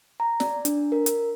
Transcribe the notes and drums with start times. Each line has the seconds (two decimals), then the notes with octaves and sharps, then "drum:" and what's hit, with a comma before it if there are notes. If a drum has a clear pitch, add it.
0.20 A#5
0.40 D5, drum: snare
0.65 D4, drum: hi-hat
0.92 A#4
1.06 drum: hi-hat